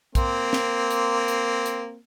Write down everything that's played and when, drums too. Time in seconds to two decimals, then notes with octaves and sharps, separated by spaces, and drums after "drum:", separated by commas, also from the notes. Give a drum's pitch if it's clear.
0.15 A#3 C4, drum: kick, hi-hat
0.53 drum: snare
0.90 drum: hi-hat
1.28 drum: hi-hat
1.66 drum: hi-hat